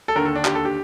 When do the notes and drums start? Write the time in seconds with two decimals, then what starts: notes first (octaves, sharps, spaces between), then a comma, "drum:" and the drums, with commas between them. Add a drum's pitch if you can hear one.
0.08 A4
0.16 D#2 D3 A#4
0.25 A4
0.35 D4
0.45 G4, drum: clap
0.55 A4
0.65 G4